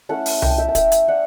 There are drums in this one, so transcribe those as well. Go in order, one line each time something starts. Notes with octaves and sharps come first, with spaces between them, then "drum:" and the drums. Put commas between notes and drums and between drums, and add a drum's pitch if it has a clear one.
A3 C#4 E4 F#5 A5
drum: open hi-hat
G5, drum: tom C2
A5
E5 G5
A5
E5 G5, drum: kick, hi-hat
drum: hi-hat
D5 F#5